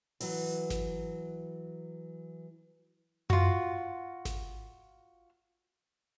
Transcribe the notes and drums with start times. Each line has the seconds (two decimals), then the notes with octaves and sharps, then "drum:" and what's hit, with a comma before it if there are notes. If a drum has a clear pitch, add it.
0.20 E3 F#3, drum: open hi-hat
0.70 drum: snare G#1
3.30 F4 F#4, drum: tom F#2
4.25 drum: snare G#1